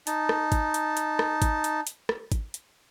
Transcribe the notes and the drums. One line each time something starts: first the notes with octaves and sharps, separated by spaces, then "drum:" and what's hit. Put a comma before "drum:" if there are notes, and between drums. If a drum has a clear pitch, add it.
D#4 A5, drum: hi-hat
drum: rim click
drum: kick G#1, hi-hat
drum: hi-hat
drum: hi-hat
drum: rim click
drum: kick G#1, hi-hat
drum: hi-hat
drum: hi-hat
drum: rim click
drum: kick G#1, hi-hat
drum: hi-hat